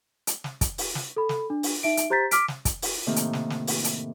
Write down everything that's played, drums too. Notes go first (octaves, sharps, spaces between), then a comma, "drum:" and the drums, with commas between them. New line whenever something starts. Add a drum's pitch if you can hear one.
drum: hi-hat
drum: snare
drum: kick, hi-hat
drum: open hi-hat
drum: snare
A4 B5
drum: snare
D4
drum: open hi-hat
D#4 E5 D7
drum: hi-hat
G4 C5 A#5 G6 A6 B6
D6 F6 B6 D7, drum: hi-hat
drum: snare
drum: kick, hi-hat
drum: open hi-hat
A2 C3 D#3 A#3
drum: hi-hat
drum: snare
drum: snare
drum: open hi-hat
drum: hi-hat